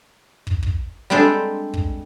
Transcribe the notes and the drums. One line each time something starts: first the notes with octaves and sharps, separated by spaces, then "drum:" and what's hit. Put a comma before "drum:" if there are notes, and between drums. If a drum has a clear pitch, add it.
drum: kick
drum: kick
G3 G#3 C4 D4 A4
drum: kick